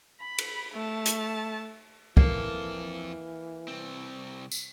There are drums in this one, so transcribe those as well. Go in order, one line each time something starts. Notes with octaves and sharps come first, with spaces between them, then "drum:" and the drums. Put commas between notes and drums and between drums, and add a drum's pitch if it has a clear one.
B5
drum: cymbal
A3 A5
drum: hi-hat
F2 E3 A#3 A4, drum: kick
C2 C4
drum: tambourine